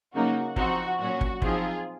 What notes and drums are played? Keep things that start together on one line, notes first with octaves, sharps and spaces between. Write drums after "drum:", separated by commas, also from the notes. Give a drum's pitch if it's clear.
C#3 F#3 A#3 D#4 F#4
F3 C4 D#4 F#4, drum: kick
A#2 F#3 C#4 F#4
drum: kick
F3 C4 D#4 F4 G#4, drum: kick